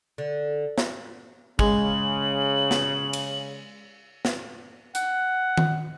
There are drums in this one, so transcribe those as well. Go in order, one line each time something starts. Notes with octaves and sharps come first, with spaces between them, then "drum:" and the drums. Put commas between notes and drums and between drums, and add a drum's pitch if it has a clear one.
D3
drum: snare
C#3 G#3 F#7, drum: kick
drum: snare
drum: cymbal
drum: snare
F#5, drum: hi-hat
drum: tom D#3